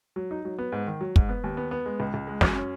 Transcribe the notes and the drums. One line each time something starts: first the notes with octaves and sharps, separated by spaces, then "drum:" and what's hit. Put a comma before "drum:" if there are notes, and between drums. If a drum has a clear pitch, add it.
F#3
D#4
F#3
B3
G#2
D#3
F#3
G#2, drum: kick
B3
D#2
B3
B3
G#3
C#2
C#2
G#3
F#2, drum: snare
C#4